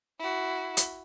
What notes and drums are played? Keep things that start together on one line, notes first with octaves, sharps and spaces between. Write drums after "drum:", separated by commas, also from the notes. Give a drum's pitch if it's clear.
E4 F#4
drum: hi-hat